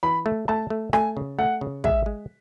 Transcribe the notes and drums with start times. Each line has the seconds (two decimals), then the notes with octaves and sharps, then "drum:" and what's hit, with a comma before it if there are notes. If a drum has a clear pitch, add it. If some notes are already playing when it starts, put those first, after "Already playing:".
0.03 E3 B5
0.26 A3
0.48 A3 A5
0.70 A3
0.93 A3 G#5, drum: rim click
1.17 C#3
1.39 A3 F#5
1.61 C#3
1.84 G#3 E5, drum: kick
2.06 G#3